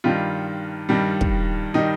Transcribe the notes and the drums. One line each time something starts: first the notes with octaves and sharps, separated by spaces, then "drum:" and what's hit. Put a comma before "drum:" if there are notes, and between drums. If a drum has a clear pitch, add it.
G2 D#3 G3 F4
G2 D#3 G3
drum: kick
D#3 G3 D#4